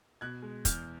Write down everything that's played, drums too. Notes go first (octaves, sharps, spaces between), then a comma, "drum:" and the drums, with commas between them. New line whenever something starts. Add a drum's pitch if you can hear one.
B2 F#6 G#6
G#3
E2 F6 G6, drum: kick, hi-hat